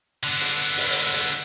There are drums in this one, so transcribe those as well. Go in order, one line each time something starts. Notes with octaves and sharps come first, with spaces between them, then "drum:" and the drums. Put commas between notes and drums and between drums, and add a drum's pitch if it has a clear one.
D3 B3
drum: hi-hat
drum: open hi-hat
drum: hi-hat